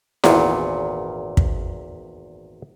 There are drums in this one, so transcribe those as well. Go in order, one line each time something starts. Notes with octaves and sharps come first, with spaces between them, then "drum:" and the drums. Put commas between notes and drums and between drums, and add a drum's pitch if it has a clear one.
G#1 E2 A#2, drum: snare E4
drum: kick